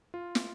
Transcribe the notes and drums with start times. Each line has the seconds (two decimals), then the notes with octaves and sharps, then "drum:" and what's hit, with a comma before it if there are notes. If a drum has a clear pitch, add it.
0.14 F4
0.35 drum: snare